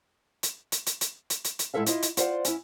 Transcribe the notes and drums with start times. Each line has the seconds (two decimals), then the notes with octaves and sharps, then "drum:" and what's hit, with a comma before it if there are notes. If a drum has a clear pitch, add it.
0.43 drum: hi-hat
0.72 drum: hi-hat
0.87 drum: hi-hat
1.01 drum: hi-hat
1.30 drum: hi-hat
1.45 drum: hi-hat
1.59 drum: hi-hat
1.74 A2 G#3 E4 A4 E5 F5
1.87 E4 F4 D#5, drum: hi-hat
2.03 drum: hi-hat
2.17 F4 C5 D5 F#5, drum: hi-hat
2.45 C#4 E4, drum: hi-hat